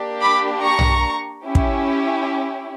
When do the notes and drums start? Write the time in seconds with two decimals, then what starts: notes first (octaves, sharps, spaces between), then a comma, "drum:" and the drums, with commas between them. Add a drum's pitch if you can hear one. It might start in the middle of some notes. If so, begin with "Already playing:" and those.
Already playing: A#3 D4 G4
0.21 B5 D6
0.62 A#5 C#6
0.79 drum: tom
1.44 C#4 E4 G4
1.55 drum: kick